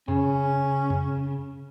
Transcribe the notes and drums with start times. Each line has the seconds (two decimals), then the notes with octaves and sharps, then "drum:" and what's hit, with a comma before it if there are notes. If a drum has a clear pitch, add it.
0.08 C#3 C#4, drum: tom F2
0.90 drum: tom F2